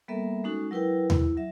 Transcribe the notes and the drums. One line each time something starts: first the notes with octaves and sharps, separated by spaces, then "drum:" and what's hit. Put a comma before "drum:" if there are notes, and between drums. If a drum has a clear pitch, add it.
G3 A#3 B3 A4 A#4 E5
G#3 C#4 D#4 F#4 A4
F#3 E4 A#4 B4 G5
E4, drum: tom D#2
F#3 E5